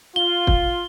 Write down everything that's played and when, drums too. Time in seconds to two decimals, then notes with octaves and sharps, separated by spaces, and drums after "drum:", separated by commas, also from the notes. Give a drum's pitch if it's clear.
0.16 F4 G7
0.47 drum: kick